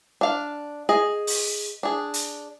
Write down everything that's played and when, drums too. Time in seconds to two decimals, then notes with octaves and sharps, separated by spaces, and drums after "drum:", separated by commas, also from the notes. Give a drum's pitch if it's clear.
0.21 D4 F5
0.89 G#4 D#5
1.27 drum: open hi-hat
1.83 D4 G#4
2.14 drum: hi-hat